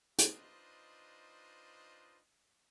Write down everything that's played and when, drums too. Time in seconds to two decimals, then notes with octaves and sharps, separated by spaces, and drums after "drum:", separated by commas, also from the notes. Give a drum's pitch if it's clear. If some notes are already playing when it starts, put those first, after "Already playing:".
0.19 D4 D#4 F4 B4 C5 D#5, drum: hi-hat